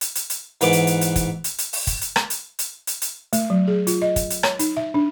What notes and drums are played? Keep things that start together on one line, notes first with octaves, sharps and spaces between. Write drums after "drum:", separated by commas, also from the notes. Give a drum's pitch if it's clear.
drum: hi-hat
drum: hi-hat
drum: hi-hat
G#2 E3 B3 B4 D6, drum: hi-hat
drum: hi-hat
drum: hi-hat
drum: hi-hat
drum: kick, hi-hat
drum: hi-hat
drum: hi-hat
drum: open hi-hat
drum: kick, hi-hat
drum: hi-hat
drum: rim click
drum: hi-hat
drum: hi-hat
drum: hi-hat
drum: hi-hat
A3, drum: hi-hat
F#3
G#4
F4, drum: hi-hat
D#5
drum: kick, hi-hat
drum: hi-hat
C#5, drum: rim click
D#4, drum: hi-hat
E5
D4